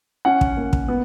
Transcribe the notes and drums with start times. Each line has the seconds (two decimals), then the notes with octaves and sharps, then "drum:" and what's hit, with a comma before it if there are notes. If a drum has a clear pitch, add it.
0.25 C#4 F#5
0.41 drum: kick
0.57 A#3
0.73 drum: kick
0.88 B3